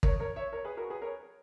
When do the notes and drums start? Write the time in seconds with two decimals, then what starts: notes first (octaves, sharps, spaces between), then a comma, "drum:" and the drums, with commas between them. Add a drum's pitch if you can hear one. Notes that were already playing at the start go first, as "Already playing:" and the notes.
0.03 A#4 C#5, drum: kick
0.20 A#4 C#5
0.36 C#5 E5
0.52 A#4 C#5
0.65 G#4 B4
0.77 F#4 A#4
0.90 G#4 B4
1.02 A#4 C#5